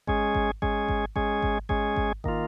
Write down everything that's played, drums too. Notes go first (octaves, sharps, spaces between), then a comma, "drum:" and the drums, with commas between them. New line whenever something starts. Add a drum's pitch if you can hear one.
G#3 C#4 G#4, drum: kick G#1
drum: kick G#1
G#3 C#4 G#4, drum: kick G#1
drum: kick G#1
G#3 C#4 G#4, drum: kick G#1
drum: kick G#1
G#3 C#4 G#4, drum: kick G#1
drum: kick G#1
D#3 A#3 F4, drum: kick G#1